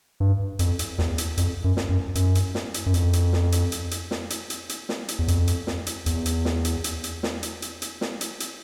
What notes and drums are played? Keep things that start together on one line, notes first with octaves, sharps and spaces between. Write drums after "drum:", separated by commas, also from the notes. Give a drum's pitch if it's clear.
G2
F2, drum: hi-hat
drum: hi-hat
E2, drum: snare
drum: hi-hat
F2, drum: hi-hat
F#2
drum: snare
F#2
F#2, drum: hi-hat
drum: hi-hat
drum: snare
drum: hi-hat
F#2
F2, drum: hi-hat
drum: hi-hat
drum: snare
drum: hi-hat
drum: hi-hat
drum: hi-hat
drum: snare
drum: hi-hat
drum: hi-hat
drum: hi-hat
drum: snare
drum: hi-hat
E2
F2, drum: hi-hat
drum: hi-hat
drum: snare
drum: hi-hat
E2, drum: hi-hat
drum: hi-hat
drum: snare
drum: hi-hat
drum: hi-hat
drum: hi-hat
drum: snare
drum: hi-hat
drum: hi-hat
drum: hi-hat
drum: snare
drum: hi-hat
drum: hi-hat